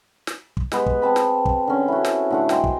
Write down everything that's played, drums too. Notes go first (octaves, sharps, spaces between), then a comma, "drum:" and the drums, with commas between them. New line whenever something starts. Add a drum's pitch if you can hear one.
drum: snare
drum: kick
G#3 B3, drum: snare
drum: kick
C4 A5 B5
drum: snare
drum: kick
D3 C#4
E4 F#4
drum: snare
A2 D3 F#5
D#5 G5 G#5 C6, drum: snare
drum: kick